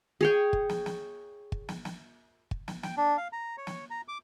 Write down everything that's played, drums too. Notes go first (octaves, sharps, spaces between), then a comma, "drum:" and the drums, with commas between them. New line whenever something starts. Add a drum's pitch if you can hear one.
G#4 C#5 G5
drum: kick
drum: snare
drum: snare
drum: kick
drum: snare
drum: snare
drum: kick
drum: snare
G5, drum: snare
D4
F5
A#5
C#5
drum: snare
A#5
D6